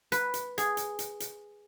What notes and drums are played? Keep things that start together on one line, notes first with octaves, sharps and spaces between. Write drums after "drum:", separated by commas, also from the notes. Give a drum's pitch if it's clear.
B4, drum: hi-hat
drum: hi-hat
G#4, drum: hi-hat
drum: hi-hat
drum: hi-hat
drum: hi-hat